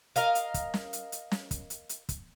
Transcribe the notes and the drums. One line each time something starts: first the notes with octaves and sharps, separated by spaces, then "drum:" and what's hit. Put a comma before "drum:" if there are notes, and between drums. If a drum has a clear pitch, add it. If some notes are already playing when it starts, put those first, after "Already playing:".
A#4 D#5 F5, drum: hi-hat
drum: hi-hat
drum: kick, hi-hat
drum: snare
drum: hi-hat
drum: hi-hat
drum: snare
drum: kick, hi-hat
drum: hi-hat
drum: hi-hat
drum: kick, hi-hat